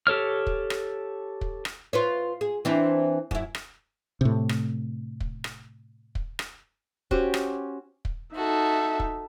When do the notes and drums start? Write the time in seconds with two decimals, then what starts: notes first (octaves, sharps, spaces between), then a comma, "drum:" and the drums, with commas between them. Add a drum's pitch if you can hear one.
0.07 G4 A4 C#5 F6
0.47 drum: kick
0.70 drum: rim click
1.41 drum: kick
1.65 drum: rim click
1.93 F4 B4 C#5
2.41 G#4
2.65 E3 C4 D4
3.31 F#2 E4, drum: kick
3.55 drum: rim click
4.21 A2 C3
4.49 drum: rim click
5.20 drum: kick
5.44 drum: rim click
6.15 drum: kick
6.39 drum: rim click
7.11 C#4 F#4 G4 C5, drum: kick
7.34 drum: rim click
8.05 drum: kick
8.35 D#4 F#4 A4 E5
9.00 drum: kick